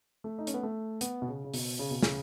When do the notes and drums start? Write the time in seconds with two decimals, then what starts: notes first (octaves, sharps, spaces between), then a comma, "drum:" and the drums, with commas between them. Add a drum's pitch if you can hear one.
0.24 A3
0.39 D#4
0.47 C#4, drum: hi-hat
0.54 B3
0.63 A3
1.01 B3, drum: hi-hat
1.22 B2
1.28 C#3
1.44 C#3
1.54 B2, drum: open hi-hat
1.79 C#3
1.91 B2
2.02 C#3, drum: snare